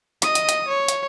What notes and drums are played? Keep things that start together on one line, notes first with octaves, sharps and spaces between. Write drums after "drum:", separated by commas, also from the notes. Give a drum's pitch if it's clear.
D#5 D#6, drum: hi-hat
drum: hi-hat
drum: hi-hat
C#5
drum: hi-hat